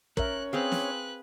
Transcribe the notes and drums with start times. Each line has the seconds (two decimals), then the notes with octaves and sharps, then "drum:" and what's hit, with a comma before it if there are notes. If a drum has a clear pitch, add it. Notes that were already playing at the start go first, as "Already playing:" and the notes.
0.17 C#4 A#4 C#5 E5 F#6, drum: kick
0.53 C4 G#4 B4 F5 F#6
0.72 drum: snare